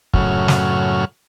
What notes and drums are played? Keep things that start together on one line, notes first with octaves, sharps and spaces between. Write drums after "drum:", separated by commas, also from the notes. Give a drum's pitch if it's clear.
F#2 A2 C#3 F#3 F6, drum: kick
drum: snare